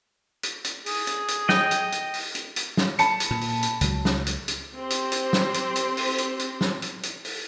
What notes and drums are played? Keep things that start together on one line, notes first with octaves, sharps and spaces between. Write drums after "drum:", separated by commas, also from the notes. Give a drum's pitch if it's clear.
drum: hi-hat
drum: hi-hat
G#4, drum: open hi-hat
drum: hi-hat
drum: hi-hat
D#5 G5, drum: snare
drum: hi-hat
drum: hi-hat
drum: open hi-hat
drum: hi-hat
drum: hi-hat
drum: snare
A5 B5 C#7, drum: hi-hat
drum: hi-hat
A#2
drum: open hi-hat
drum: hi-hat
C#2 F#3, drum: hi-hat
drum: snare
drum: hi-hat
drum: hi-hat
C4 G4 C5
drum: hi-hat
drum: hi-hat
drum: snare
drum: hi-hat
drum: hi-hat
drum: open hi-hat
drum: hi-hat
drum: hi-hat
drum: snare
drum: hi-hat
drum: hi-hat
drum: open hi-hat